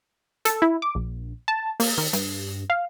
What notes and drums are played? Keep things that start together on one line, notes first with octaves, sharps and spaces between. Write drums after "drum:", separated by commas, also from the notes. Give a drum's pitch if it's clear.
A4, drum: hi-hat
E4
D6
A#1
A5
A#3, drum: open hi-hat
D#3
G2, drum: hi-hat
F5